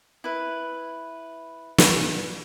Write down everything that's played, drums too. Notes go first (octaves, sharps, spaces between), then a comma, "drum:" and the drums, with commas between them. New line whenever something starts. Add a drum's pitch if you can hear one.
E4 B4
drum: snare